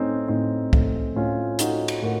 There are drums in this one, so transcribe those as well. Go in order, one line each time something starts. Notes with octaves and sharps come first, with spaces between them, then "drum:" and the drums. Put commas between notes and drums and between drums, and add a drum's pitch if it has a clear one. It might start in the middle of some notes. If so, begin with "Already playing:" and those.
Already playing: A2 A3 C4 C#4 D#4
A2 C4 D#4
A3, drum: kick
A2 C#4 F4
A3 D#4 F#4, drum: hi-hat
drum: cymbal
A2 F#4 A#4